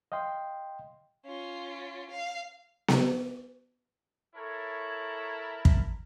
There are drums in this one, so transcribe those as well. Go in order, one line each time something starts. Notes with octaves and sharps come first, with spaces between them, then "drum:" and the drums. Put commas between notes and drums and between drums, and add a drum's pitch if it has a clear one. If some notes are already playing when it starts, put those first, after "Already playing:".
D#5 F5 G5 C6
C#4 F4
F5
drum: snare B3
E4 A4 A#4 C#5 A5
drum: kick